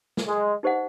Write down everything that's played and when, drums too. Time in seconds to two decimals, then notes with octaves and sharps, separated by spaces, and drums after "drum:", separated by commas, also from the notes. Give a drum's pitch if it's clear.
0.17 drum: snare
0.27 G#3
0.63 D#4 G4 C5 D#5 F#5